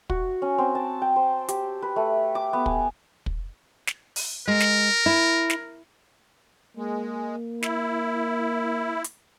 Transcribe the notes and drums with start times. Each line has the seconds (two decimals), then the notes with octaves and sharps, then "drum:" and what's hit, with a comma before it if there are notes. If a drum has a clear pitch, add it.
0.10 F#4, drum: kick
0.42 C#4
0.58 C4
0.75 A5
1.02 G5
1.16 C5
1.49 G4, drum: hi-hat
1.82 B4
1.96 A3
2.35 D6
2.53 B3
2.66 G#5, drum: kick
3.26 drum: kick
3.87 drum: snare
4.16 drum: open hi-hat
4.48 G#3 A#4
4.60 drum: snare
5.06 E4
5.50 drum: snare
6.77 G#3 A#3
7.62 E4, drum: snare
9.04 drum: hi-hat